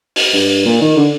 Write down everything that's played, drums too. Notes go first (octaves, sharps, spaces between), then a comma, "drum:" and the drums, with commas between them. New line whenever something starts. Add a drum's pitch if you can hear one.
drum: open hi-hat
G2
A#2
D#3
D3